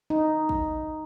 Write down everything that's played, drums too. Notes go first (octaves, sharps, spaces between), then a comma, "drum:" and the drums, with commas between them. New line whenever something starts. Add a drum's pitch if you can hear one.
D#4
drum: kick